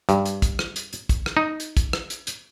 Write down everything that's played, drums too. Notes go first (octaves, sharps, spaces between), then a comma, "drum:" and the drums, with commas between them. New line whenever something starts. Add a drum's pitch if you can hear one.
G2, drum: hi-hat
drum: hi-hat
drum: kick, hi-hat
drum: rim click
drum: hi-hat
drum: hi-hat
drum: kick, hi-hat
drum: rim click
D#4
drum: hi-hat
drum: kick, hi-hat
drum: rim click
drum: hi-hat
drum: hi-hat